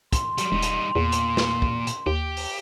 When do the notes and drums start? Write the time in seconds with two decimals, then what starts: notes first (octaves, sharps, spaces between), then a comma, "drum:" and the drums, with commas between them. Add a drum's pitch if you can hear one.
0.13 C6, drum: kick, hi-hat
0.38 F#3 G3, drum: hi-hat
0.52 E1 G3 D#4
0.62 drum: hi-hat
0.96 E2 A#2
1.12 drum: hi-hat
1.37 drum: snare
1.62 drum: kick
1.87 drum: hi-hat
2.07 D#2 G4
2.37 drum: open hi-hat